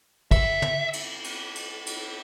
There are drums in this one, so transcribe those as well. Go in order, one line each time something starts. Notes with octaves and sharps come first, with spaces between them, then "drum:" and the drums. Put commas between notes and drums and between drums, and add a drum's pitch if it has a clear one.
E5, drum: kick, cymbal
drum: tom
drum: cymbal
drum: cymbal
drum: cymbal
drum: cymbal